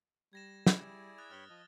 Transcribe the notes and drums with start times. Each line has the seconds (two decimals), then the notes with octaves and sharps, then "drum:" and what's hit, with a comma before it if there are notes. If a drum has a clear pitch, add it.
0.33 G3 G#6 A#6 E7
0.66 G3 E4 G#4 D5, drum: snare
1.18 D#6 F#6 A6
1.31 G2 C#5 G5 B5 F6 G7
1.50 F3 D#5